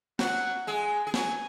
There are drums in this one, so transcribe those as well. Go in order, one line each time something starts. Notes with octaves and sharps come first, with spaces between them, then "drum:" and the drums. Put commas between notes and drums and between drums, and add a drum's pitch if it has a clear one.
F#3 F#4 F#5, drum: snare
G#3 G#4
G#4
F#3 F#4 G#5, drum: snare